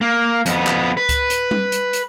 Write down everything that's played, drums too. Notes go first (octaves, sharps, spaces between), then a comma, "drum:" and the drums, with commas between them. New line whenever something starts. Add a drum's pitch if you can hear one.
A#3
F2 B3, drum: hi-hat
drum: clap
B4
drum: kick C#2, hi-hat
drum: hi-hat
drum: tom G3
drum: hi-hat
drum: hi-hat